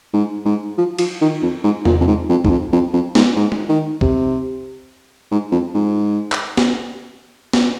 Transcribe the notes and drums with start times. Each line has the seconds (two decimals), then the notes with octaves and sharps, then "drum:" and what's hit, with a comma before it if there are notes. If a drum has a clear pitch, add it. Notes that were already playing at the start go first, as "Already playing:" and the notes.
0.13 G#2
0.45 G#2
0.78 F3
0.99 F3, drum: cymbal
1.21 D#3
1.42 F2
1.64 G#2
1.85 A#2, drum: tom E2
2.00 F2
2.07 G#2
2.29 F2
2.45 G#2, drum: kick
2.50 F2
2.72 F2
2.93 F2
3.15 G#2, drum: snare
3.36 G#2
3.52 drum: tom G#3
3.69 D#3
4.01 C3, drum: kick
5.31 G#2
5.52 F2
5.74 G#2
6.32 drum: clap
6.57 drum: snare
7.53 drum: snare